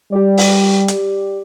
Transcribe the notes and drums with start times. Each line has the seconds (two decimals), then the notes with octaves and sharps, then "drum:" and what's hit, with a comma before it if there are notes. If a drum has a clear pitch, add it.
0.12 G3 G4 D5
0.38 drum: open hi-hat
0.88 drum: hi-hat